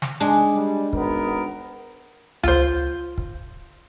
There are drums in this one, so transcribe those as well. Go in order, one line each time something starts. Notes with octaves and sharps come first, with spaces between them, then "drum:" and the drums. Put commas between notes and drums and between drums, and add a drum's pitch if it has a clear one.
drum: snare
G#3 D4
G3
G#1 B3 A#4, drum: kick
F4 C5, drum: tom C#2
drum: kick